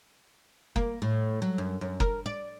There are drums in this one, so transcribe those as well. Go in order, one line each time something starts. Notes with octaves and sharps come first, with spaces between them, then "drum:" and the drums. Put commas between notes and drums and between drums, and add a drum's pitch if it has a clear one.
A#3, drum: kick F#1
A2
F#3
F#2
F#2
A#4, drum: kick F#1
D5